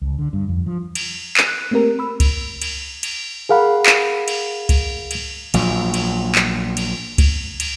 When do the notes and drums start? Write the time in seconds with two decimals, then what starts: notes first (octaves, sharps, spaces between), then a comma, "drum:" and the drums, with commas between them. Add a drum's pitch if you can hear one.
0.02 C#2
0.19 D3
0.33 G2
0.49 F2
0.66 F3
0.95 drum: cymbal
1.37 drum: clap
1.48 F#6
1.71 A3 A#3 C4 G4 A#4
1.99 B5 E6
2.20 drum: kick C#2, cymbal
2.62 drum: cymbal
3.03 drum: cymbal
3.49 G#4 A#4 F5 F#5 B5
3.86 drum: clap
4.28 drum: cymbal
4.69 drum: kick C#2, cymbal
5.11 drum: cymbal
5.54 A#1 A#2 F#3, drum: cymbal
5.94 drum: cymbal
6.35 drum: clap
6.77 drum: cymbal
7.18 drum: kick C#2, cymbal
7.60 drum: cymbal